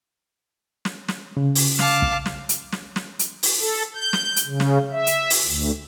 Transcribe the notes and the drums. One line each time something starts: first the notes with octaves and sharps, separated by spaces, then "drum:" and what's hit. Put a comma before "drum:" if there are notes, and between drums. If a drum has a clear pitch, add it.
drum: snare
drum: snare
C#3
drum: open hi-hat
F5 A5 D6, drum: snare
drum: kick
drum: snare
drum: hi-hat
drum: snare
drum: snare
drum: hi-hat
drum: open hi-hat
A4
G6
drum: snare
drum: hi-hat
C#3
drum: snare
E5
drum: hi-hat
drum: open hi-hat
D2